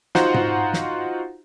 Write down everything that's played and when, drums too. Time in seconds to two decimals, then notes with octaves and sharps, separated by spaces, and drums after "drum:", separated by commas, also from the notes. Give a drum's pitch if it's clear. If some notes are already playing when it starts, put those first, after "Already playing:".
0.15 D#4 F4 F#4 C5 F#5 A#5, drum: snare
0.34 drum: tom G#2
0.73 drum: snare